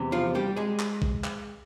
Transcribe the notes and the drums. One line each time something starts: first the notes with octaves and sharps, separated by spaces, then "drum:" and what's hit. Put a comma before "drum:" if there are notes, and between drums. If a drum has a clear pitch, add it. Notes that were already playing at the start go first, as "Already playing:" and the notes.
Already playing: E2 C3
F3 F4
G3 G4
G#3 G#4
drum: clap
drum: kick A#1
drum: clap